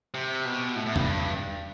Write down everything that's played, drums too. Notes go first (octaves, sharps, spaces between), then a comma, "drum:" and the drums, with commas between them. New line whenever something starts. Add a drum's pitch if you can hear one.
C3
B2
A2
A2
G2, drum: tom